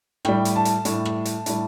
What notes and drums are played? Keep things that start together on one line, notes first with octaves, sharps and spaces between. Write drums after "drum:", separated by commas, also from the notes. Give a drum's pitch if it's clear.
A2 G3 G5, drum: rim click
drum: hi-hat
A5
drum: hi-hat
A2 G3, drum: hi-hat
drum: rim click
drum: hi-hat
A2 G3, drum: hi-hat